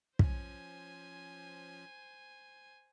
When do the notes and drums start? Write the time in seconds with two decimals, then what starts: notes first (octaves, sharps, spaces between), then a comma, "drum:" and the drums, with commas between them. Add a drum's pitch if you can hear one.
0.19 F3 C#4 C5 G#5, drum: kick